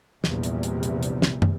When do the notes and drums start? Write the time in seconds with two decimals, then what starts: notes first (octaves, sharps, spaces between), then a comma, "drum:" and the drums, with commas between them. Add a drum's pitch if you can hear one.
0.24 A#1 E2 C3 G3, drum: snare
0.43 drum: hi-hat
0.63 drum: hi-hat
0.83 drum: hi-hat
1.03 drum: hi-hat
1.22 drum: snare
1.42 drum: tom